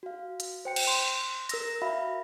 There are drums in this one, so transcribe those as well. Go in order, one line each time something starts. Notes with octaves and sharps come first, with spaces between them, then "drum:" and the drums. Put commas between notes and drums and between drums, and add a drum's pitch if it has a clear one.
F#4 F5
drum: hi-hat
C5 G5 C#7
drum: cymbal
C6
A#4 E6 A#6, drum: hi-hat
F#4 E5 F5 B5